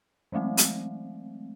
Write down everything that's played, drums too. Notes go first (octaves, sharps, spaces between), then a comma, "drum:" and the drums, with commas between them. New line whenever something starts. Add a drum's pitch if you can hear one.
E3 F#3 G#3 A3 C4
drum: hi-hat